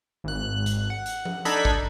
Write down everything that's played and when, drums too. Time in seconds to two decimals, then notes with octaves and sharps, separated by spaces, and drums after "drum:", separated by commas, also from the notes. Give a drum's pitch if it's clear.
0.24 G#1 F#6
0.66 drum: hi-hat
0.90 F#5
1.06 drum: hi-hat
1.25 drum: tom F3
1.45 D4 D#4 A4 B5 G#6 B6, drum: hi-hat
1.65 drum: kick